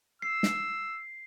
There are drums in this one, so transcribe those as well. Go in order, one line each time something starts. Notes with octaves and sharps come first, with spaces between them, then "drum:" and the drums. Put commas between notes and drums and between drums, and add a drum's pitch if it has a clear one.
E6 C7
drum: snare